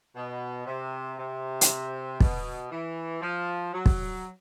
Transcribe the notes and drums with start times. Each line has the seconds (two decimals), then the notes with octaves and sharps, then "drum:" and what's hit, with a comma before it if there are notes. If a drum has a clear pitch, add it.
0.16 B2
0.67 C3
1.18 C3
1.61 drum: hi-hat
2.20 B2, drum: kick
2.71 E3
3.22 F3
3.74 F#3
3.86 drum: kick